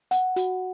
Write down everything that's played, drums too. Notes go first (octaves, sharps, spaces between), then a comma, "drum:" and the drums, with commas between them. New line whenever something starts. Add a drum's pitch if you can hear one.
F#5, drum: hi-hat
F#4, drum: hi-hat